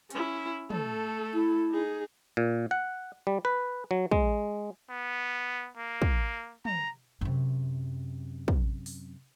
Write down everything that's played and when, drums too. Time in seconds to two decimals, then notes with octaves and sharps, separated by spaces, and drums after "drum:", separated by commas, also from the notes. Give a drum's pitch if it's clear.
0.10 C#4 E4, drum: hi-hat
0.70 A3 A4, drum: tom
1.34 E4
1.71 D#4 G#4
2.37 A#2
2.71 F#5
3.27 G3
3.45 B4
3.91 F#3
4.11 G#3, drum: kick
4.90 B3
5.77 A#3
6.02 drum: kick
6.65 A#5, drum: tom
7.21 F#2 C3
8.48 drum: kick
8.86 drum: open hi-hat